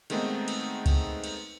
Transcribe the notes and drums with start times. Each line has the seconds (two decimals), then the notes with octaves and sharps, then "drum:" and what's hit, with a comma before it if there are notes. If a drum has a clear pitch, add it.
0.10 D#3 G#3 A3 B3 C4 D#4, drum: cymbal
0.48 drum: cymbal
0.86 drum: kick C#2, cymbal
1.24 drum: cymbal